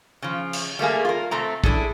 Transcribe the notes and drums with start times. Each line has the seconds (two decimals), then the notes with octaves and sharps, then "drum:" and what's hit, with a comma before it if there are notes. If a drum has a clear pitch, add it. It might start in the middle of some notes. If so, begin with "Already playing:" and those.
0.22 C#3 F3
0.53 drum: cymbal
0.79 G3 A3 A#3 G#4
1.05 F4 A#4
1.31 C3 A3 C4 A#5
1.64 D4 E4 G#4 A4, drum: kick